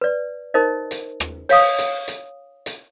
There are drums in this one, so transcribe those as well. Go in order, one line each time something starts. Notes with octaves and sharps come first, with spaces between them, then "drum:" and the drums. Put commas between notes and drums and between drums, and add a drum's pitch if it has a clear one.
B4 D5
D#4 A#4 C5 D#5
drum: hi-hat
drum: rim click
C#5 F5 D#6, drum: open hi-hat
drum: hi-hat
drum: hi-hat
drum: hi-hat